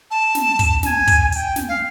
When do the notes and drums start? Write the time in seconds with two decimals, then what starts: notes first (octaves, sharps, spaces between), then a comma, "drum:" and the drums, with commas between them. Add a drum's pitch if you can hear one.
0.11 A5
0.35 drum: snare
0.59 drum: kick, hi-hat
0.83 A5, drum: snare
0.86 G#5
1.07 drum: kick, hi-hat
1.32 G#5, drum: hi-hat
1.36 G5
1.56 drum: snare
1.68 F5